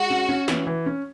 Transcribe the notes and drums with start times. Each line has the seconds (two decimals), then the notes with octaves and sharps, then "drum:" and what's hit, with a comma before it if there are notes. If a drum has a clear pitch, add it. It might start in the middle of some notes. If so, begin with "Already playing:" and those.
Already playing: G#3 F#4
0.10 C#4
0.29 C#4
0.48 E3, drum: snare
0.67 E3
0.86 C#4